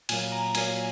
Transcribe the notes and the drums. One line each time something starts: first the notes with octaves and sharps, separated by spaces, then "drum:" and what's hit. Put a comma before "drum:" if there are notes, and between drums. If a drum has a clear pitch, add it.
A#2 F#3 A#3 G#5, drum: cymbal
A#5
A#2 F#3 A#3 G#5, drum: cymbal